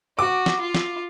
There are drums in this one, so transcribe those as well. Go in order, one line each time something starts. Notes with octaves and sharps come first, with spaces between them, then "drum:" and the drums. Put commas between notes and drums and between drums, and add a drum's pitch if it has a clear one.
F#4 D6
drum: snare
F4
drum: snare